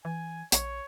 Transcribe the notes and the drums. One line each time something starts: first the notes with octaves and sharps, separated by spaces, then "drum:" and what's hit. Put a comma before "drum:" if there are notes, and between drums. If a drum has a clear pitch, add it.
E3 G#5
A#1 C#5, drum: hi-hat